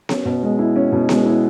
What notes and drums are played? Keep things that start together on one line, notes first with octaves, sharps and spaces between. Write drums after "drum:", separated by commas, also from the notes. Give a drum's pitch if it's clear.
C#4, drum: snare B3
B2
G#3
E4
C#4
B2
G#3, drum: snare B3
E4